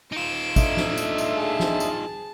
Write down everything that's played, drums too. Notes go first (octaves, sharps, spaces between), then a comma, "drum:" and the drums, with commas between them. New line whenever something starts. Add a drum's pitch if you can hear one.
D#4 F4 D7 E7
A3 D4 D#5 E5, drum: kick, tambourine
drum: snare
drum: tambourine
drum: tambourine
G#4 A5
drum: snare
drum: tambourine